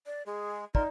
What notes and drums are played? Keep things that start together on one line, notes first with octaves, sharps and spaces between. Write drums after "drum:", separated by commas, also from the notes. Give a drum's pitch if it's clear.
D5
G#3 G#4
D#4 F4 A#4 D5 A#5, drum: kick